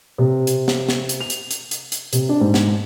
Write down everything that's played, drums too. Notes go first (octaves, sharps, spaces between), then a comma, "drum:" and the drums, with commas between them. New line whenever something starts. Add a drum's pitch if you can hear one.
C3
drum: hi-hat
drum: snare
drum: snare
drum: hi-hat
F7
drum: hi-hat
drum: hi-hat
drum: hi-hat
drum: hi-hat
C3, drum: hi-hat
D4
G#2
drum: snare